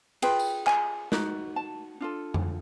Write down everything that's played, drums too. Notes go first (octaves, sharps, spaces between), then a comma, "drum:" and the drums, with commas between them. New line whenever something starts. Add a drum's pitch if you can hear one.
F4 G#4 B4 G5, drum: cymbal
drum: tambourine
G#5, drum: clap
D#4 F#4, drum: snare
A5
D4 F4 A4
drum: tom F2